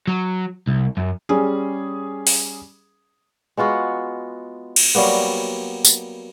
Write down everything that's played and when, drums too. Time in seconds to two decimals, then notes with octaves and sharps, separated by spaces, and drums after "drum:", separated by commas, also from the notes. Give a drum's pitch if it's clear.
0.08 F#3
0.67 C2
0.97 F#2
1.29 G3 C#4 G#4
2.27 drum: open hi-hat
3.57 G#3 B3 F4 F#4
4.76 drum: cymbal
4.95 F#3 G3 A#3 B3
5.85 drum: tambourine